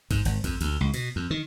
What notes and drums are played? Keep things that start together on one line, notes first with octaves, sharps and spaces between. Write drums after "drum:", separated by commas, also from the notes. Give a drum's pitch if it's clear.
G#2, drum: kick A1, cymbal
G#1, drum: cymbal
F2, drum: kick A1, cymbal
D2, drum: cymbal
C#2
B2, drum: cymbal
F2
D#3